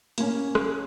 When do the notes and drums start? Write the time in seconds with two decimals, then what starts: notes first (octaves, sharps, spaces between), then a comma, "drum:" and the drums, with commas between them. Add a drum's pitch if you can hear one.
0.18 A#3 C#4, drum: hi-hat
0.55 drum: rim click